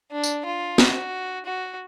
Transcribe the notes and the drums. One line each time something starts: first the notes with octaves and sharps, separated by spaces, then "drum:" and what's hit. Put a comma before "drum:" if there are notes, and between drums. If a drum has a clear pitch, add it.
D4
drum: tambourine
F4
F#4, drum: snare
F#4